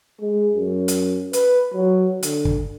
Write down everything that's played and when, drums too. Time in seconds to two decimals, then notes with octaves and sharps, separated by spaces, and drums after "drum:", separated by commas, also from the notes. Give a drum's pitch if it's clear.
0.21 G#3
0.54 F#2
0.88 drum: hi-hat
1.33 B4, drum: hi-hat
1.74 F#3
2.23 D3, drum: hi-hat
2.45 drum: kick